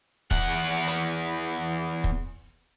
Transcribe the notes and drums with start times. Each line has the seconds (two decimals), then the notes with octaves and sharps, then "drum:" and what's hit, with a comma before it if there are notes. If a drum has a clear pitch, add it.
0.31 E2 F#5, drum: kick
0.87 drum: hi-hat
2.04 drum: kick